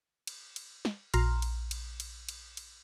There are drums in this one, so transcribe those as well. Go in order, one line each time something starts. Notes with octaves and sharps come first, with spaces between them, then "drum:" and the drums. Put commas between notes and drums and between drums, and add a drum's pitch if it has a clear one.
drum: cymbal
drum: cymbal
drum: snare
A#1 A#5 C6 F6, drum: cymbal
drum: cymbal
drum: cymbal
drum: cymbal
drum: cymbal
drum: cymbal